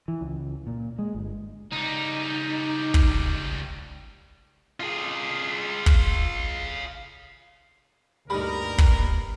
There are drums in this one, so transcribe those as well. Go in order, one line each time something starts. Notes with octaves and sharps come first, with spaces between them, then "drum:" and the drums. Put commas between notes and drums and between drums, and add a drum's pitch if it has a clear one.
E3
C#2
A#2
G#3
G1
C#2 G3 D#4
drum: kick
F4 G#4
drum: kick
D2 G2 A#2 G3 D#4 A#4 B5
drum: kick